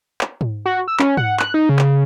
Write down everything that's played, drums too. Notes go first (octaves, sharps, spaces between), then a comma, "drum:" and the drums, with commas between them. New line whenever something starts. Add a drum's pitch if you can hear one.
drum: clap
drum: tom G#2
F#4
E6
C#4, drum: clap
F#5, drum: tom G#2
F#6, drum: clap
D#4
C#3
drum: clap